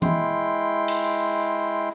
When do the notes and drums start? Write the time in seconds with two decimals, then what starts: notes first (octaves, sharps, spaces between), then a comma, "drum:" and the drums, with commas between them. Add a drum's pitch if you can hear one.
0.02 G#3 E4 G5 C6, drum: tom E3
0.88 drum: cymbal